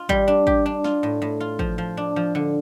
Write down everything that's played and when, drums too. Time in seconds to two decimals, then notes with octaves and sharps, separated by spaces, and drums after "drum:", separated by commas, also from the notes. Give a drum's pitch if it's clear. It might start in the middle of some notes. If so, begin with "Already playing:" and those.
Already playing: F4
0.09 G3, drum: kick
0.28 D4
0.47 G4, drum: kick
0.66 D4
0.84 F4, drum: snare
1.03 A2
1.22 A2
1.40 F4
1.59 F3, drum: kick
1.78 F3
1.97 D4
2.16 F3
2.35 D3